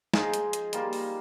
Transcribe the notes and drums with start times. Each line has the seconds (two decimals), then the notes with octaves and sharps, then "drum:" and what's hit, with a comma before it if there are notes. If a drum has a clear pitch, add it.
0.14 F3 G#3 D#4 G#4, drum: snare
0.34 drum: hi-hat
0.53 drum: hi-hat
0.73 G3 A#3 F4, drum: hi-hat
0.93 drum: open hi-hat